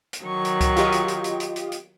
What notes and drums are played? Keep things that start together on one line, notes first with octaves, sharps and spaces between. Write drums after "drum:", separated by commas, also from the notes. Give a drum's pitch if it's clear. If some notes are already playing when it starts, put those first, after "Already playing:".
drum: hi-hat
D#3 F#3 C#6
drum: hi-hat
drum: kick C#2, hi-hat
F4 G4 D#5, drum: hi-hat
drum: hi-hat
drum: hi-hat
drum: hi-hat
drum: hi-hat
drum: hi-hat
drum: hi-hat